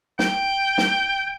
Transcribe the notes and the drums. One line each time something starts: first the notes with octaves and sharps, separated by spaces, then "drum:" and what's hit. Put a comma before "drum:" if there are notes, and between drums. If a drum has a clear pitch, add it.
G5, drum: snare
drum: snare